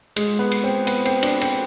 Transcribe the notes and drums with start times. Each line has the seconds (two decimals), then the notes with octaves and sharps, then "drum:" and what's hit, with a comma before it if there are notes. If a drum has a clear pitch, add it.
0.16 G#3, drum: cymbal
0.39 B3
0.52 drum: cymbal
0.64 C4
0.87 B3, drum: cymbal
1.05 C4, drum: cymbal
1.23 D4, drum: cymbal
1.41 C4, drum: cymbal